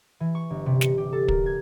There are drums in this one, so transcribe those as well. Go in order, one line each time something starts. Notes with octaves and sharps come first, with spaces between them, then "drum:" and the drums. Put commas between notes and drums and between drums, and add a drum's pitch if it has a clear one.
E3
C#6
G1
C3
C#7, drum: snare
G4
A4
A#4, drum: kick
G#6